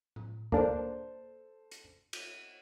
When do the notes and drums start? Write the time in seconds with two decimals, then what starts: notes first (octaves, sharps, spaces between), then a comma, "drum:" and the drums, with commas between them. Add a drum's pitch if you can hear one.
0.16 drum: tom A2
0.52 A#3 D4 A4 C5, drum: kick C#2
1.72 drum: hi-hat
2.13 drum: cymbal